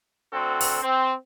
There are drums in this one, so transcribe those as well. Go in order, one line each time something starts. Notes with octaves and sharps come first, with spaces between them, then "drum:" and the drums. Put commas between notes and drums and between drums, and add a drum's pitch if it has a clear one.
D2 C4 F#4 A4
drum: open hi-hat
C4